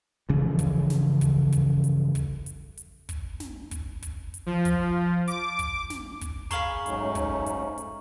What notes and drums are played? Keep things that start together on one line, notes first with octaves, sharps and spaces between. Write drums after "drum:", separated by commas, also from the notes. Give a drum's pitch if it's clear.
G2 C#3 E3 F3
drum: kick, hi-hat
drum: snare
drum: kick, hi-hat
drum: kick, hi-hat
drum: hi-hat
drum: kick, hi-hat
drum: hi-hat
drum: hi-hat
drum: kick, hi-hat
drum: snare
drum: kick, hi-hat
drum: kick, hi-hat
drum: hi-hat
F3
drum: kick, hi-hat
D6, drum: hi-hat
drum: kick, hi-hat
drum: snare
drum: kick, hi-hat
G#4 F5 A#5 B5 C#6 F#7, drum: kick, hi-hat
G#2 F#3 A3 C#4 D#4, drum: hi-hat
drum: kick, hi-hat
drum: hi-hat
drum: hi-hat